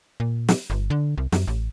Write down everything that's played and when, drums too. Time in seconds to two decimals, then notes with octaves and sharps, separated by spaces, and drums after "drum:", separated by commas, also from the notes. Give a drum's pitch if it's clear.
0.20 A#2
0.49 drum: snare
0.70 G1
0.90 D3
1.18 C2
1.32 F#2, drum: snare
1.47 A1